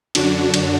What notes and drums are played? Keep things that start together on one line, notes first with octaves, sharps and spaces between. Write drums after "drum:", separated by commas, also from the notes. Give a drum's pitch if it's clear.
F#2 D3 F#3 D4 F#4, drum: cymbal
drum: cymbal